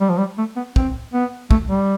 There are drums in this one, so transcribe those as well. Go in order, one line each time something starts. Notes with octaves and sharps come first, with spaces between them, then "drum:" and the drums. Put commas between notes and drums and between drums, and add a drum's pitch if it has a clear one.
G3
F3
G3
A3
B3
C4, drum: kick
B3
A3, drum: kick
G3